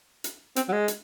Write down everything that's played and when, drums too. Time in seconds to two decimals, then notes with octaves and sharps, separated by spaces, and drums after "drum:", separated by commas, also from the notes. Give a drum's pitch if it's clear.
0.24 drum: hi-hat
0.56 C4, drum: hi-hat
0.68 F#3
0.72 G#3
0.88 drum: hi-hat